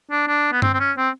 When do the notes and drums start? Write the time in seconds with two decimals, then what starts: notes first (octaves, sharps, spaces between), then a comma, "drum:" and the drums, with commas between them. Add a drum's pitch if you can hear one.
0.11 D4
0.27 D4
0.52 B3
0.62 C4, drum: tom G2
0.74 C4
0.80 C#4
0.97 C4